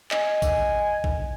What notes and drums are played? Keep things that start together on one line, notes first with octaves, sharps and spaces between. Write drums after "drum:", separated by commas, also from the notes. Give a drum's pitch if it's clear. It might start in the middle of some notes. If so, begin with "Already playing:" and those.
D#5 G#5, drum: clap
drum: kick G#1, tambourine
drum: kick G#1